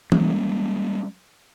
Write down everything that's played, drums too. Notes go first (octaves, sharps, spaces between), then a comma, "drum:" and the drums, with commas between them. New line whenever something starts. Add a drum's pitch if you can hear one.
G3 G#3 A#3 C#4, drum: tom E3